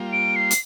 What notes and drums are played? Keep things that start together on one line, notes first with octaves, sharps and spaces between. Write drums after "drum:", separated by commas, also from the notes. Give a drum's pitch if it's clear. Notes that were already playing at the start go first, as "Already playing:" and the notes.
Already playing: G3 A#3 F4
D7
C7
drum: hi-hat